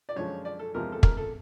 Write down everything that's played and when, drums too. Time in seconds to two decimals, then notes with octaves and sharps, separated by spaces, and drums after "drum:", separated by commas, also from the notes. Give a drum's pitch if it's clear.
0.09 D5
0.16 F#2 D3 F3 G#3 C#5
0.45 D5
0.59 A4
0.74 E2 C3 F3 G#3 A#4
0.92 A4
1.03 A#4, drum: kick
1.17 A4